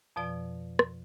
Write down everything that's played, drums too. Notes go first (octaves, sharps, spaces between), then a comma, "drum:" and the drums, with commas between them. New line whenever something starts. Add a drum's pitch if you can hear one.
F2 B2 F3 D5
drum: rim click